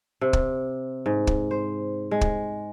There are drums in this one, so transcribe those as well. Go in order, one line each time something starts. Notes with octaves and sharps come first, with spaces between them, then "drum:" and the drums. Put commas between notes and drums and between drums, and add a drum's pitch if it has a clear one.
C3
drum: kick
G#2
drum: kick
C5
G#3
drum: kick